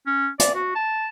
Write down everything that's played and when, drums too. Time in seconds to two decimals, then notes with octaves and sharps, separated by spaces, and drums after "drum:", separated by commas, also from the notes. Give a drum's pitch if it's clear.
0.07 C#4
0.39 D5, drum: hi-hat
0.55 F#4
0.75 A5